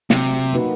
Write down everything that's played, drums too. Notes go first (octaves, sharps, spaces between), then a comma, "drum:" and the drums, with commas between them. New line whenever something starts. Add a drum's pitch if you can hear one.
C3 F#3, drum: snare
A#3 D#4 F#4 B4